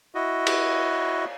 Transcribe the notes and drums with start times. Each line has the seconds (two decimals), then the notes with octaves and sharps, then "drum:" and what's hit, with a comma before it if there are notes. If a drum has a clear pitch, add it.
0.15 E4 F#4 D#5
0.47 drum: cymbal